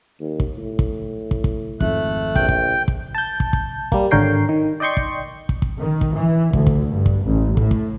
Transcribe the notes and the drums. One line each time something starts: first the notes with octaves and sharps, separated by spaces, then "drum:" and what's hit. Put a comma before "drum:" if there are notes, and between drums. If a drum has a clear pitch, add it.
D#2
drum: kick
A2
drum: kick
drum: kick
drum: kick
G#1 F2 G#2 A3 F#6, drum: kick
A#1 G5, drum: kick
drum: kick
drum: kick
A5 G6
drum: kick
drum: kick
G3 A#3, drum: kick
G#1 D3 A#4 C#5 G5 C7
D#3
D5 D#5 G5 C6 C#6
drum: kick
drum: kick
drum: kick
D#3
drum: kick
E3
D2, drum: kick
drum: kick
G2
drum: kick
A1
A2, drum: kick
drum: kick